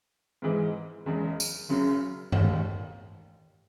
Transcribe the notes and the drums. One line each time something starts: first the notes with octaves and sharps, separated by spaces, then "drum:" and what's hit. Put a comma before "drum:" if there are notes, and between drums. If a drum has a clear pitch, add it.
G#2 E3 G#3
F#1 E2 C#3 G#3
drum: tambourine
F#1 F#2 C#3
E1 D#2 D#3, drum: tom G2